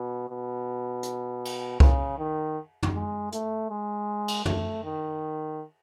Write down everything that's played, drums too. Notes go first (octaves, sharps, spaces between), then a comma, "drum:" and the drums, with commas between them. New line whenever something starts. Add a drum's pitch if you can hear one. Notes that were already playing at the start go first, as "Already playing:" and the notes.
Already playing: B2
B2
drum: hi-hat
drum: cymbal
C#3, drum: kick C2
D#3
drum: tom
G#3
A3, drum: hi-hat
G#3
drum: cymbal
A3, drum: tom
D#3